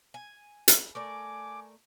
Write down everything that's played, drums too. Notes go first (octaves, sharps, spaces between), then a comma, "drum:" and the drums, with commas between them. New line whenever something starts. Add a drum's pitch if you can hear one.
G#5
drum: hi-hat
A3 A#4 D5 G#5 D6